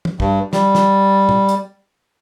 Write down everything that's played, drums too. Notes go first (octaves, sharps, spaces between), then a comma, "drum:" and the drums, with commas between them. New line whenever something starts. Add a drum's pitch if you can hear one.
drum: tom
G2, drum: kick
G3, drum: snare
drum: snare
drum: tom
drum: hi-hat